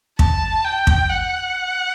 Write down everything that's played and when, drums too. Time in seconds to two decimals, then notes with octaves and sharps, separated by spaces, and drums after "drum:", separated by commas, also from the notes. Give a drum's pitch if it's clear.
0.19 A5, drum: kick
0.64 G5
0.87 drum: kick
1.10 F#5